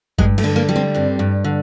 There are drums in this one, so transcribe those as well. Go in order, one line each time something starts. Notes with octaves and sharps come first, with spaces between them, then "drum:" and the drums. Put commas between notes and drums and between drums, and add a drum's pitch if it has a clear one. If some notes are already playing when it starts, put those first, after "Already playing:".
G2 G#3, drum: kick
A3, drum: cymbal
D3
A#3
G3
C4
G2 C4
G2
D3